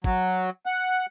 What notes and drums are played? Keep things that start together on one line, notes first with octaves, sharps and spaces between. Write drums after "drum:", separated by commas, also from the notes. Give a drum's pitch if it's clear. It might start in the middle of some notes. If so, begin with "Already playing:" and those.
F#3, drum: kick
F#5